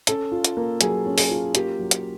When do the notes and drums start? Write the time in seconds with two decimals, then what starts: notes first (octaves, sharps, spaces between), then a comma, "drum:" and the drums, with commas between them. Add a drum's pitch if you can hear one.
0.07 C#4 A4, drum: hi-hat
0.32 F4
0.45 drum: hi-hat
0.57 A#3
0.81 F#3 G#4, drum: hi-hat
1.06 C#4
1.18 G#4, drum: open hi-hat
1.30 F4
1.55 A#3 G4, drum: hi-hat
1.79 F#3
1.91 drum: hi-hat